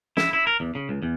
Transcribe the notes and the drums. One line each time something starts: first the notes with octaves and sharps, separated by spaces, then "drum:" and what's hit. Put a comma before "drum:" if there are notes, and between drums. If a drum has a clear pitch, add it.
E4, drum: snare
E4
A#4
E2
C#3
C#2
E2